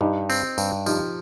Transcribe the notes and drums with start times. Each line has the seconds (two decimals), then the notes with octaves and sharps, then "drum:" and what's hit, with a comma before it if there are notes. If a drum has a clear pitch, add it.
0.01 G2 D#4 G4
0.30 C4, drum: tambourine
0.58 G2, drum: tambourine
0.86 F3 D#4 G4, drum: tambourine